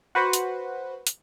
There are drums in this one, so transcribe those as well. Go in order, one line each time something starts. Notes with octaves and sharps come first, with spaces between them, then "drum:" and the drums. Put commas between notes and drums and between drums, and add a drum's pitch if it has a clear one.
F#4 B4 C5 F#5
drum: hi-hat
drum: hi-hat